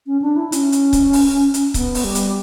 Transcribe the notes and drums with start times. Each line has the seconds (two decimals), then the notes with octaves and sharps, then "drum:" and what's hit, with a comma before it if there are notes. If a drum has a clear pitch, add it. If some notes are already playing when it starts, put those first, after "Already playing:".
0.07 C#4
0.22 D4
0.36 E4
0.52 C#4, drum: hi-hat
0.72 drum: hi-hat
0.93 drum: kick C#1, hi-hat
1.13 drum: open hi-hat
1.54 drum: hi-hat
1.74 B3, drum: kick C#1, hi-hat
1.95 drum: open hi-hat
2.04 G3
2.15 drum: hi-hat